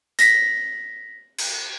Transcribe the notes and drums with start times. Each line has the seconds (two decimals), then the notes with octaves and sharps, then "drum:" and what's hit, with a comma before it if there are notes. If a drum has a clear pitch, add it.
0.19 A#6 B6, drum: hi-hat
1.38 drum: cymbal